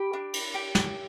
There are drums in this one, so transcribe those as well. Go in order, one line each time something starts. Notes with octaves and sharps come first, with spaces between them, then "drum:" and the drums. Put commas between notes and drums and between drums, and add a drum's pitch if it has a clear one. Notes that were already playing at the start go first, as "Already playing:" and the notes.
Already playing: G4 B5
D4
drum: cymbal
G4
drum: snare